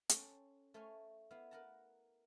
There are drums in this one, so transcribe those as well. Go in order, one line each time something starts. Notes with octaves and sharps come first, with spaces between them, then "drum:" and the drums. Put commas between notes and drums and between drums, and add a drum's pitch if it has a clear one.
C#4 A4 G5 C6, drum: hi-hat
A3 A4 C5 C#5 F5 G#5
B3 E4 F5
A#4 B4 F#5 A5 A#5